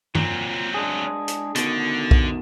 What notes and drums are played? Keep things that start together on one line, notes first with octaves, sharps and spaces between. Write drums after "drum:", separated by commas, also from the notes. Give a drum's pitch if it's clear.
A#2 F#3 C4, drum: tom G2
G#3 D4 G#4
drum: hi-hat
B2 D3 D#3, drum: hi-hat
drum: kick B1